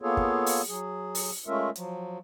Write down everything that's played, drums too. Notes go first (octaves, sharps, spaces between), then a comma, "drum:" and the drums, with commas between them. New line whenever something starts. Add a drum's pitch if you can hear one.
A#3 B3 F4 G#4 A4 C#5
drum: kick
drum: open hi-hat
F#3 G#4
drum: open hi-hat
G#3 A3 C#4 F4 A#4 E5
F3 F#3, drum: hi-hat